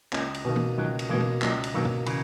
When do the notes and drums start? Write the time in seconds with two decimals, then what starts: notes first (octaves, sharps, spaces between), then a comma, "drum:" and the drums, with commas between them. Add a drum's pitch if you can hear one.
0.13 C#2 A#3 C#4, drum: clap
0.34 drum: cymbal
0.45 B2 D#3 A#3
0.56 drum: tom E3
0.77 C#2 D#3 F#3
0.99 drum: cymbal
1.09 B2 E3 G#3 A#3
1.20 drum: tom E3
1.42 C#2 F#3 A#3, drum: clap
1.64 drum: cymbal
1.74 B2 D#3 F#3 A#3
1.85 drum: tom
2.06 C#3 E3, drum: cymbal